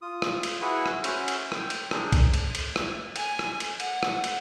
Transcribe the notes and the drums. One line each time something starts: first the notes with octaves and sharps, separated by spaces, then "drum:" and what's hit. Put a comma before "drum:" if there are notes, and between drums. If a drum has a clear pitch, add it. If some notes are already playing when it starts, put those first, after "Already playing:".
F4 D#6
drum: rim click
drum: cymbal
E4 F#4 G#4 B4 E5 F#5
drum: rim click
C#4 F#4 C5 E5, drum: cymbal
drum: cymbal
G5, drum: rim click
drum: cymbal
D4 G#4 A#4 C5, drum: rim click
drum: kick B1, cymbal
drum: cymbal
drum: cymbal
drum: rim click
G#5, drum: cymbal
drum: rim click
drum: cymbal
F#5, drum: cymbal
drum: rim click
drum: cymbal